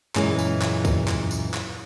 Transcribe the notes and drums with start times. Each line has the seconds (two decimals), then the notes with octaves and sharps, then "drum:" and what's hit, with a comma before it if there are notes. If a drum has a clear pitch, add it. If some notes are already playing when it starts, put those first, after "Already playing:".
0.16 F#2 A#2 E3 G#3 C#4, drum: clap
0.39 drum: tambourine
0.62 drum: clap
0.85 drum: kick, tambourine
1.08 drum: clap
1.31 drum: tambourine
1.54 drum: clap